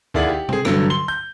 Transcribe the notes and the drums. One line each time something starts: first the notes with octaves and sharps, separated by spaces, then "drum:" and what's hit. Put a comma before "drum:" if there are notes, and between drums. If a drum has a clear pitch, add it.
D#2 E4 G#4 D5 F#5 F#7
G4
C4 G#4, drum: tom C3
G2 D3 F#3, drum: rim click
C6 G7
G6